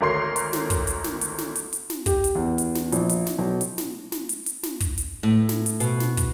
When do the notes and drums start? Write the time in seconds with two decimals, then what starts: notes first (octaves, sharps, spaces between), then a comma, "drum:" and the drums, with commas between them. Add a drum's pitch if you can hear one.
0.01 G#1 D2 A#4 C#5 C6 C7
0.36 drum: hi-hat
0.53 drum: snare
0.70 drum: kick, hi-hat
0.87 drum: hi-hat
1.04 drum: snare
1.21 drum: hi-hat
1.38 drum: snare
1.56 drum: hi-hat
1.73 drum: hi-hat
1.90 drum: snare
2.06 G4, drum: kick, hi-hat
2.24 drum: hi-hat
2.35 E2
2.58 drum: hi-hat
2.75 drum: snare
2.92 A#1, drum: hi-hat
3.09 drum: hi-hat
3.27 drum: snare
3.38 B1
3.61 drum: hi-hat
3.78 drum: snare
4.12 drum: snare
4.29 drum: hi-hat
4.46 drum: hi-hat
4.63 drum: snare
4.80 drum: kick, hi-hat
4.98 drum: hi-hat
5.23 A2
5.49 drum: snare
5.66 drum: hi-hat
5.80 B2, drum: hi-hat
6.00 drum: snare
6.17 drum: kick, hi-hat